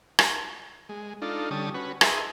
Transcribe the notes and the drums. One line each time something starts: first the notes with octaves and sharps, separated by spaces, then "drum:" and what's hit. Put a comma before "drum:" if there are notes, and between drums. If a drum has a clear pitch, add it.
drum: rim click
G#3
D4 D#4 F4 A4
D3 G3 C#4 A5 D#6
C#4 F#4 B4
G#4 B4 D#5 E5 C6, drum: rim click